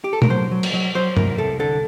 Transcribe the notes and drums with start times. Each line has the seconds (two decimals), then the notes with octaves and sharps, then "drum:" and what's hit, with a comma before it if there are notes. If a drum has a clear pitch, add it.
0.04 G4
0.13 A4
0.22 A#4, drum: tom
0.30 F#3 C5
0.51 F#3
0.63 drum: cymbal
0.74 F#3
0.95 F#3 C5
1.17 C2 A#4, drum: tom
1.38 C2 A4
1.59 D3 A4